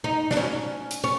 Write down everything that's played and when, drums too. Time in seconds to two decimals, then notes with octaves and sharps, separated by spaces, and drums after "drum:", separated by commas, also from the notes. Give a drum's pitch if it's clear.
0.04 D#4
0.31 D4, drum: snare
0.37 C#4
0.91 drum: hi-hat
1.04 C#4